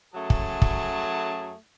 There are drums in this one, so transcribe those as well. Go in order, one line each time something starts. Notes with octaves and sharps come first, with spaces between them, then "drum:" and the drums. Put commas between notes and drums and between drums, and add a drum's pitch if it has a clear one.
F#2 F#3 A3 G#4 A5
drum: kick
drum: kick